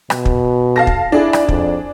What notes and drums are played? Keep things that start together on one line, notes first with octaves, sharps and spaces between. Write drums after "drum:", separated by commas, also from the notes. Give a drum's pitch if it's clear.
B2, drum: rim click
drum: kick
F5 A5 A#6
drum: kick
D4 E4 G#4
drum: rim click
F2, drum: kick